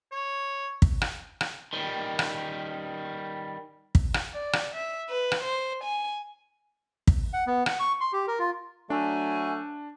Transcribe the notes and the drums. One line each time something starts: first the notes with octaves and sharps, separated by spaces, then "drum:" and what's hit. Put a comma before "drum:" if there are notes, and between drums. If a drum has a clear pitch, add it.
C#5
drum: kick
drum: rim click
drum: rim click
D#3 G3
drum: rim click
drum: kick
drum: rim click
D5
drum: rim click
E5
B4
drum: rim click
C5
G#5
drum: kick
F#5
B3
F#5, drum: rim click
C#6
C6
G4
A#4
F4
F#3 A3 D4 G#5